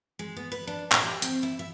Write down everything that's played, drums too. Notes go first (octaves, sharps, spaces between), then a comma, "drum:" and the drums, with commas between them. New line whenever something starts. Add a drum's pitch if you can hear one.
G#3
B3
B4
D4
A#2, drum: clap
G4
C4, drum: hi-hat
E4
E5